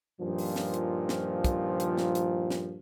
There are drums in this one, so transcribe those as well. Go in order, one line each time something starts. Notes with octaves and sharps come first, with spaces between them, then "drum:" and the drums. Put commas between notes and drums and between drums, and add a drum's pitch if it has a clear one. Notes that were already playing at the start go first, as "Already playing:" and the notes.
G2 A#2 D#3 F3
drum: open hi-hat
drum: snare
drum: hi-hat
drum: snare
drum: kick, hi-hat
drum: hi-hat
drum: snare
drum: hi-hat
drum: snare